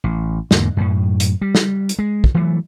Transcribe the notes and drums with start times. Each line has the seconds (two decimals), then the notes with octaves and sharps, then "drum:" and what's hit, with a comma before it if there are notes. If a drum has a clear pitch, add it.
0.04 A1
0.51 E2 G#2 D3 A#3, drum: snare
0.77 F#2 A2
1.20 drum: hi-hat
1.42 G3
1.55 drum: snare
1.89 drum: hi-hat
1.99 G#3
2.24 drum: kick
2.35 E3 F#3 A3